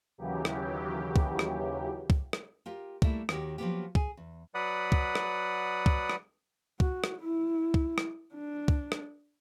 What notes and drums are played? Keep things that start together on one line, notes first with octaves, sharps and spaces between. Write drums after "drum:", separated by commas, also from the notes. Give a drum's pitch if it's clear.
D#2 C#3 E3 F#3 G4
drum: rim click
drum: kick
drum: rim click
drum: kick
drum: rim click
F4 G4 A#4
G3 A3 A#3 E4, drum: kick
D#2 D#3 F#4 G4, drum: rim click
F3 F#3 G#3 A#3 B3 G4
G#4, drum: kick
E2
F#3 B4 D5 F#5 B5 D#6
drum: kick
drum: rim click
drum: kick
drum: rim click
F#4, drum: kick
drum: rim click
E4
drum: kick
drum: rim click
D4
drum: kick
drum: rim click